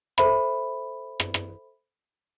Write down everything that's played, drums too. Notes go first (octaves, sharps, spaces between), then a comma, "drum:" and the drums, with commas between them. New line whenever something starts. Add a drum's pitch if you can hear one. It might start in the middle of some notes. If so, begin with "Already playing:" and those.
A4 C5 E5 B5, drum: rim click
drum: rim click
drum: rim click